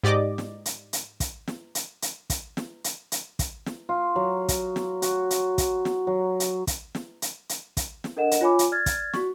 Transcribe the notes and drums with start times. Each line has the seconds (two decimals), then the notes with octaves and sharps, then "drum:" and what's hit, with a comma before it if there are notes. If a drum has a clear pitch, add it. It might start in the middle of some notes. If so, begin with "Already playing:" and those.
0.04 G#2 G4 D5 D#5 D6
0.38 drum: snare
0.65 drum: hi-hat
0.93 drum: hi-hat
1.20 drum: kick, hi-hat
1.48 drum: snare
1.75 drum: hi-hat
2.02 drum: hi-hat
2.30 drum: kick, hi-hat
2.57 drum: snare
2.84 drum: hi-hat
3.12 drum: hi-hat
3.39 drum: kick, hi-hat
3.66 drum: snare
3.89 F4
4.16 F#3
4.48 drum: kick, hi-hat
4.76 drum: snare
5.02 F#4, drum: hi-hat
5.31 drum: hi-hat
5.58 drum: kick, hi-hat
5.85 drum: snare
6.07 F#3
6.40 drum: hi-hat
6.67 drum: kick, hi-hat
6.95 drum: snare
7.22 drum: hi-hat
7.49 drum: hi-hat
7.77 drum: kick, hi-hat
8.04 drum: snare
8.17 D4 A4 A#4 D#5 F#5 E7
8.31 drum: hi-hat
8.41 F4 C#5 G#5 B5 D6
8.59 drum: hi-hat
8.72 D5 F6 G#6 A6
8.86 drum: kick, hi-hat
9.13 F#4 C#6, drum: snare